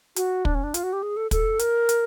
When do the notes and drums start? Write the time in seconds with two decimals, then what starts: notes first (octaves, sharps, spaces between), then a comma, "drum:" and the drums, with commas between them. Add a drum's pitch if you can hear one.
0.16 F#4, drum: hi-hat
0.45 D4, drum: kick
0.55 C#4
0.64 D4
0.74 F4, drum: hi-hat
0.83 F#4
0.93 G4
1.03 G#4
1.17 A4
1.31 A4, drum: kick, hi-hat
1.59 A#4, drum: hi-hat
1.89 drum: hi-hat